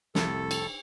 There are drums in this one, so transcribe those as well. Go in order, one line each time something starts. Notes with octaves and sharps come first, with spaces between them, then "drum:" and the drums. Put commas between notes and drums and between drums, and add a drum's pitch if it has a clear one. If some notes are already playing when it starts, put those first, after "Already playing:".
C2 F2 C3 A3 A4, drum: snare
drum: cymbal